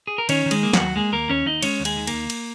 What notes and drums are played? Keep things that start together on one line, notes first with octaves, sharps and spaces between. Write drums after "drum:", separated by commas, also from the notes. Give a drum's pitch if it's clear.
G#4
A#4
D#3 C#4 C#5, drum: cymbal
D#3
G#3 G#4, drum: cymbal
A#3
F#3 F#4, drum: snare
D#2
G#3 A#3 G#4
D#2 A#3 A#4
D#2 C#4 C#5
D#2 D#4 D#5
G#3 C#4 C#5, drum: cymbal
D#2
G#3 G#4, drum: cymbal
D#3
A#3, drum: cymbal
D#2
drum: cymbal